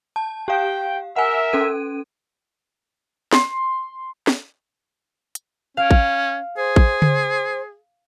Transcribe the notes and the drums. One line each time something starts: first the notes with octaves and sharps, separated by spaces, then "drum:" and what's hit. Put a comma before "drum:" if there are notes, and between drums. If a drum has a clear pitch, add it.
A5
G4 F5 G5
A#4 E5 F#5 G#5
C#4 A4 D#7
C6, drum: snare
drum: snare
drum: hi-hat
C#4 F5 D7
drum: kick A1
G#4 C5
drum: kick A1
drum: tom C#3